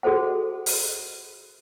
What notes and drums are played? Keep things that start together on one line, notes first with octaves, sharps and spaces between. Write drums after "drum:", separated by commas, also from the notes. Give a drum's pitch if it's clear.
F#4 G#4 A4 C5 F#5
drum: open hi-hat